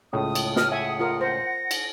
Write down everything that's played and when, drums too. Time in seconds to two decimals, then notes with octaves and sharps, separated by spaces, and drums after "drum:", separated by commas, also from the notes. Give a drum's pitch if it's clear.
0.13 C#2 A2 C#3 D#6
0.35 drum: cymbal
0.56 D#6 F6, drum: snare
0.72 E5 F#5 G#5
1.00 F4 A#4 D#6
1.21 C5 A#6
1.71 drum: cymbal